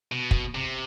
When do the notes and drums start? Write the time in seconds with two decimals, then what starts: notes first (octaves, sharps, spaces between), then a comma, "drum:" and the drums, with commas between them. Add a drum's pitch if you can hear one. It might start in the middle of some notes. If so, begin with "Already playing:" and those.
0.12 B2
0.31 drum: kick
0.55 C3